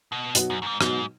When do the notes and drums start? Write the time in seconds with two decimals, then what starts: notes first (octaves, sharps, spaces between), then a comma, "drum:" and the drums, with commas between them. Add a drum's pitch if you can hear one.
0.12 B2
0.35 B2 F#3 B3 D#4 F#4, drum: hi-hat
0.50 F#2
0.62 F#2
0.66 G#2
0.81 G#2 B2 F#3 B3 D#4 F#4, drum: rim click